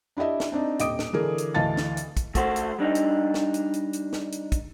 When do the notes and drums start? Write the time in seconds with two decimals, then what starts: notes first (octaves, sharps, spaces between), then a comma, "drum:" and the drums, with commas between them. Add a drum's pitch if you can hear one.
0.17 D4 E4 G4 D#5 E5
0.40 drum: snare
0.52 C4 D4 D#4
0.79 D#1 D#5 G5 D6 D#6 D7, drum: hi-hat
0.99 drum: snare
1.13 D3 E3 G#4 A#4
1.38 drum: hi-hat
1.55 D2 E3 D#5 F5 A5 A6
1.77 drum: snare
1.97 drum: hi-hat
2.17 drum: kick, hi-hat
2.35 A3 F#4 C5, drum: kick, hi-hat
2.56 drum: hi-hat
2.79 G3 D4 D#4
2.95 drum: hi-hat
3.34 drum: snare
3.54 drum: hi-hat
3.74 drum: hi-hat
3.93 drum: hi-hat
4.13 drum: snare
4.32 drum: hi-hat
4.52 drum: kick, hi-hat